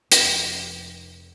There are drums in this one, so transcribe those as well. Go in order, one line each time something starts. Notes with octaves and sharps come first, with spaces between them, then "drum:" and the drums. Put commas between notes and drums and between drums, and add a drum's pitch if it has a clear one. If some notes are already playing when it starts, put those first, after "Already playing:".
F1, drum: hi-hat